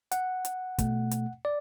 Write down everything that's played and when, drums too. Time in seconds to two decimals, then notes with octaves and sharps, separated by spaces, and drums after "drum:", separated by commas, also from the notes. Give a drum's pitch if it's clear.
0.12 F#5, drum: hi-hat
0.45 drum: hi-hat
0.79 B2 A3, drum: kick, hi-hat
1.11 drum: hi-hat
1.45 D5